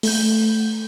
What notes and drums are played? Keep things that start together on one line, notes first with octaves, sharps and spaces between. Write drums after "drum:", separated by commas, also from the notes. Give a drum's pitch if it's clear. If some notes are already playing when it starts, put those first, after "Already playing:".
A3 G6, drum: open hi-hat